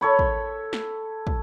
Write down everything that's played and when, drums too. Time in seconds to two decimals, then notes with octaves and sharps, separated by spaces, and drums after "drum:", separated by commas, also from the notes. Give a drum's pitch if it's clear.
0.01 A4 C#5 B5
0.19 drum: kick
0.73 drum: snare
1.27 drum: kick